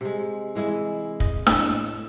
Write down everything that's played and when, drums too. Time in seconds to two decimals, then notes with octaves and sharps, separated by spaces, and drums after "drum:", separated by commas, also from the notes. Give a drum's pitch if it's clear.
0.01 C3 G#3
0.55 E3 G#3 E4
1.20 D#5, drum: kick
1.47 A2 E6, drum: snare D4